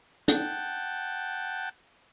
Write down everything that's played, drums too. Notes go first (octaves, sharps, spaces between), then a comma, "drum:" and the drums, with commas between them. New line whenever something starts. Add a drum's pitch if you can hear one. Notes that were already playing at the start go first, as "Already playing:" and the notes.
F#5 G5 A5, drum: hi-hat